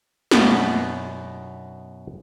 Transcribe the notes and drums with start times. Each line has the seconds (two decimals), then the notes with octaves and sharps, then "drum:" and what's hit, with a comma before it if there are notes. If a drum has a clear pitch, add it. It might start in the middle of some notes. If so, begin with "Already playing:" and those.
0.31 F#2 B2 B3 D4 D#4, drum: snare